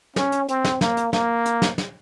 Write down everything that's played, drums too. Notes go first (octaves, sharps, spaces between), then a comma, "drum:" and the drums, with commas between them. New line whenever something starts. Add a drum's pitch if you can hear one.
C#4, drum: snare
drum: hi-hat
C4, drum: hi-hat
drum: snare
A#3, drum: snare
drum: hi-hat
A#3, drum: snare
drum: hi-hat
drum: snare
drum: snare